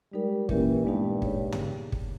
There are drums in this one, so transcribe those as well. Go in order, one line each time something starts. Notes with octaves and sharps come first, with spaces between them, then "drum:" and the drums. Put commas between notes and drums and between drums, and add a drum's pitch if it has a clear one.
G3 G#3 D#4 A#4
A#2 E3 A#3 C#4 G4 A#4, drum: kick
G2 A#2 G#3 B3 D#4 G4
G#3 D#4 G#4 C#5, drum: kick
drum: tom
drum: kick